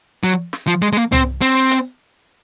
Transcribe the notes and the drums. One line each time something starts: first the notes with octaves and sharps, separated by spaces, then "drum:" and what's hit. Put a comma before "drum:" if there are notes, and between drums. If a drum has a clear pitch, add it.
F#3
drum: snare
F3
G#3
G#3
A#3
C4, drum: tom C2
C4
drum: hi-hat